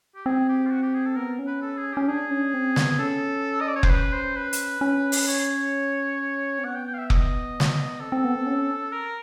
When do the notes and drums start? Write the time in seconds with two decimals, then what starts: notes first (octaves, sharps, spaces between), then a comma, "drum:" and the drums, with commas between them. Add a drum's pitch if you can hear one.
0.15 G4
0.26 C4 G#4
0.49 G4
0.67 F4
0.71 F#4
0.82 G4
0.94 G#4
1.05 A4
1.16 B3 A#4
1.39 C#4
1.47 B4
1.62 A4
1.77 G#4
1.93 C#4 G4
2.08 D4 G#4
2.31 C#4
2.54 C4
2.76 B3, drum: snare
2.90 G#4
2.99 C#4 A4
3.61 D#5
3.68 D5
3.76 C#5
3.83 C5, drum: kick F1
3.90 B4
4.13 C5
4.36 B4
4.53 drum: hi-hat
4.81 C#4
5.12 drum: open hi-hat
5.28 C#5
6.59 C4
6.64 B3 F#5
6.75 G5
6.87 G5
6.94 F5
6.98 E5
7.10 D#5, drum: kick F1
7.60 drum: snare
8.00 C4 A4
8.12 C4
8.24 B3
8.36 C4
8.46 C#4
8.92 A#4